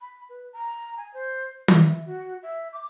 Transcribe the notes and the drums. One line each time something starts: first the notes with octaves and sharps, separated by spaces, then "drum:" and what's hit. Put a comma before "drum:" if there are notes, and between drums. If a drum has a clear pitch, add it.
B5
B4
A#5
G#5
C5
E4, drum: tom
E5
F#4
E5
D6